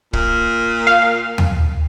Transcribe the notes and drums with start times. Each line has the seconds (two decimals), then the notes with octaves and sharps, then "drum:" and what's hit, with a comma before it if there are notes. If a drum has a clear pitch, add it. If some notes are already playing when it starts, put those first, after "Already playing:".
0.13 A#2, drum: kick
0.87 F5
1.38 drum: tom